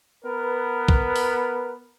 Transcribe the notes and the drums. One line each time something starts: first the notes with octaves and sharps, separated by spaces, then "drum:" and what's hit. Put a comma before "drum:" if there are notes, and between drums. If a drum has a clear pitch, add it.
B3 A#4 B4
drum: kick
drum: open hi-hat